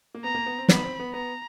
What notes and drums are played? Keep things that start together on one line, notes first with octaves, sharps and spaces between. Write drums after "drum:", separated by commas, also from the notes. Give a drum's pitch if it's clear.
A#3
B3 A#5
A#3
B3
C4
B3 B5, drum: snare
C4
B3
B3 A#5